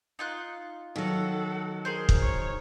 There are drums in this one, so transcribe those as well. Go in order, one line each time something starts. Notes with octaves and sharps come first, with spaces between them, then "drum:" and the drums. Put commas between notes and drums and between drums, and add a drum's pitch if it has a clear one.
D#4 F4 F#6
D#3 F#3 A4 F#5
G#4 A#4 C5
drum: kick
C#5